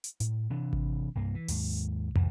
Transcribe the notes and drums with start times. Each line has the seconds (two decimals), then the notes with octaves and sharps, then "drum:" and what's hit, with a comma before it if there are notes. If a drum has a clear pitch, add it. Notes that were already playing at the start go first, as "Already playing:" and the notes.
0.04 drum: hi-hat
0.20 A2, drum: hi-hat
0.50 C3 E3 D4
0.73 drum: kick G#1
1.15 C2 G2 A#3
1.35 E3
1.48 D#2 G#2, drum: open hi-hat
2.16 C2 A2 E3, drum: tom